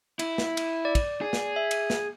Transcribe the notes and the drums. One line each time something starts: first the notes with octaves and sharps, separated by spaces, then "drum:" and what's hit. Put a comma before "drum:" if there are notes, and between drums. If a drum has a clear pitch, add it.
E4, drum: cymbal
drum: snare
drum: cymbal
D5
drum: kick, cymbal
G#4
drum: snare
E5
drum: cymbal
drum: snare